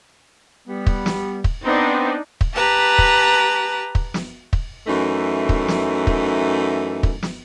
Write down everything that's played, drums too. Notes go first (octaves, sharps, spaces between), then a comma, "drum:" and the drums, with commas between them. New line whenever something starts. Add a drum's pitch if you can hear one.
G3 B3
drum: kick
drum: snare
drum: kick
B3 C4 D4 D#4
drum: kick
G4 B4 A5 A#5
drum: kick
drum: kick
drum: snare
drum: kick
F#2 E3 A3 D#4
drum: kick
drum: snare
drum: kick
drum: kick
drum: snare